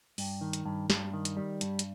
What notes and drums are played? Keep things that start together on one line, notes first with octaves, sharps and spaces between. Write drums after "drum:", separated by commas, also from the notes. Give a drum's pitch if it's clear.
G2, drum: open hi-hat
D#3
drum: hi-hat
G2
G2, drum: snare
D#3
drum: hi-hat
G3
G2, drum: hi-hat
drum: hi-hat